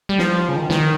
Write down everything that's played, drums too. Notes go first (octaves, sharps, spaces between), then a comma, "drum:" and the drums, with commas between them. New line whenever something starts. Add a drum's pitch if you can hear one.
G3
F3, drum: snare
C#3
D#3
D#3, drum: snare